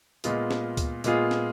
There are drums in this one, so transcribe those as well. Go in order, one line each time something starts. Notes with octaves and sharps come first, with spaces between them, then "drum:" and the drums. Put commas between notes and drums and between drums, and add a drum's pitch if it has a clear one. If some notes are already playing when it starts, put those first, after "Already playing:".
A#2 G#3 B3 F4 G#4, drum: hi-hat
drum: snare
drum: kick C#2, hi-hat
A#2 G#3 B3 F4 G#4, drum: hi-hat
drum: snare